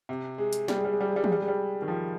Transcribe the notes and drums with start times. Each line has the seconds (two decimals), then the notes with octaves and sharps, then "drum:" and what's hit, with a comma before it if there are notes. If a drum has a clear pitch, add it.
0.09 C3
0.38 G#3
0.53 drum: hi-hat
0.68 G3, drum: snare
0.76 G#3
0.85 G3
0.93 G#3
1.01 G3
1.08 G#3
1.16 G3
1.24 G#3, drum: tom E3
1.32 G3
1.40 G#3
1.48 G3
1.82 D#3
1.88 F3